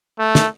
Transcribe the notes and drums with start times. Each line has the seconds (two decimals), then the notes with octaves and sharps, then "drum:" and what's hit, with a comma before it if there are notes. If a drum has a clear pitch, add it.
0.19 A3
0.35 drum: snare